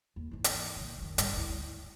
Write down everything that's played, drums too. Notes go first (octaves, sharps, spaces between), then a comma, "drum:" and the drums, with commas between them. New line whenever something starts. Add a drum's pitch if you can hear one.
D#2
G#2 E3
drum: hi-hat
A#2 D3
F#2 D#3
G#1 G2, drum: hi-hat
D2 E4